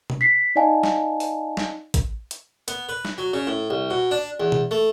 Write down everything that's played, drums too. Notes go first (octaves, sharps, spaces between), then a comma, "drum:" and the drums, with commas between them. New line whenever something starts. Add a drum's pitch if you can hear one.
drum: tom B2
B6 C7
D#4 D5 D#5 F5 G#5 A5
drum: snare
drum: open hi-hat
drum: snare
drum: kick, hi-hat
drum: hi-hat
B3, drum: hi-hat
B4
drum: snare
F#3
C#3
A2
C2
B2
D4
E2
drum: tom B2
A3